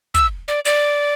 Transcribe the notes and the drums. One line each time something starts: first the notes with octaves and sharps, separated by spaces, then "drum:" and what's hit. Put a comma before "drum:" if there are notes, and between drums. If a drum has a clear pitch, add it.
E6, drum: kick, hi-hat
D5
D5, drum: hi-hat